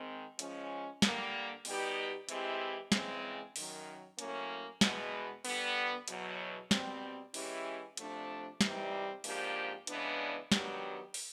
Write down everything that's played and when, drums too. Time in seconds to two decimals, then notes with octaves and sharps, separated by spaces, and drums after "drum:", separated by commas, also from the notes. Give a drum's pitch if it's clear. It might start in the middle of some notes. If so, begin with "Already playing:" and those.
Already playing: D#3 G#3 C4
0.39 F3 G#3 C#4, drum: hi-hat
1.02 D3 G3 A#3, drum: snare
1.65 B2 G3 B3 D#4 G4, drum: open hi-hat
2.29 E3 G#3 C4 E4 G4, drum: hi-hat
2.92 C#3 E3 G#3 C4, drum: snare
3.56 F#2 D#3 F#3, drum: open hi-hat
4.19 A2 F#3 A#3 C#4, drum: hi-hat
4.81 E2 B2 G#3 B3, drum: snare
5.45 D3 G3 B3, drum: open hi-hat
6.08 E2 B2 F#3, drum: hi-hat
6.71 B2 G3 C4, drum: snare
7.34 E3 G#3 C#4 E4 G4, drum: open hi-hat
7.97 C3 F3 A3 D4, drum: hi-hat
8.61 C3 E3 G3 C4 D#4, drum: snare
9.24 G#2 F3 A#3 D4 G4, drum: open hi-hat
9.87 C#3 E3 G#3 B3 D4, drum: hi-hat
10.52 D#3 F#3 B3 D4 G4, drum: snare
11.14 drum: open hi-hat